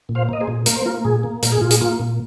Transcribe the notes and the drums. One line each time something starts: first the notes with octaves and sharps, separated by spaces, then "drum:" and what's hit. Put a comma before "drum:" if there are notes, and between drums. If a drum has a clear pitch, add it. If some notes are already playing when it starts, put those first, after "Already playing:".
A#2
C5 F5
A#3 D#5
G#4 C5
A#2
A#3 A#4, drum: hi-hat
C5
A#3 F4 A#4
A#2 G#4
A#3
A#2 A#4, drum: hi-hat
G#4
A#2 F4
G#4, drum: hi-hat
A#3 F4
A#2